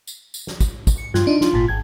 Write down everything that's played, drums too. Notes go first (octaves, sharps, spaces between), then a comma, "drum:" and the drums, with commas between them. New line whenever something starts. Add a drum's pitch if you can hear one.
drum: tambourine
drum: tambourine
drum: snare
drum: kick, tambourine
drum: kick, tambourine
C#7
G2 F4, drum: snare
D4 D#4
F4, drum: snare
G#1 A#2
G#1 G#6